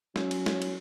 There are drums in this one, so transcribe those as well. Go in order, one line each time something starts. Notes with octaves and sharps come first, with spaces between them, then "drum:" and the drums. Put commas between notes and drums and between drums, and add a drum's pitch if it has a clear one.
F#3 C#4, drum: snare
drum: cymbal
drum: snare
drum: cymbal